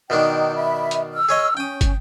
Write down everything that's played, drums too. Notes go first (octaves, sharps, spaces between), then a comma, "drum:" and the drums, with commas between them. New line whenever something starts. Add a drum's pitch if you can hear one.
B2 D#3 D4 D#4 G5
E5 B5
drum: hi-hat
E6 F6
G#4 C#5 D#5
C#4 G5 D#6
drum: kick, hi-hat